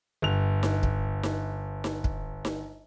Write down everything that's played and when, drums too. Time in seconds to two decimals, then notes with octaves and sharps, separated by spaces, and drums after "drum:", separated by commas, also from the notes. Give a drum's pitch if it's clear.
0.22 G1 F7
0.63 drum: snare D#4
0.83 drum: kick
1.23 drum: snare D#4
1.84 drum: snare D#4
2.04 drum: kick
2.45 drum: snare D#4